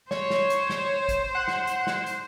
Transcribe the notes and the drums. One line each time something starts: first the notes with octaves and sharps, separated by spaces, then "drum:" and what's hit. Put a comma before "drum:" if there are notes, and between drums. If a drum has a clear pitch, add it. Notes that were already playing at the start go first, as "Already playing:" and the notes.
C5 C#5, drum: snare
drum: snare
drum: hi-hat
drum: snare
drum: kick, hi-hat
F#5
drum: snare
drum: hi-hat
drum: snare
drum: hi-hat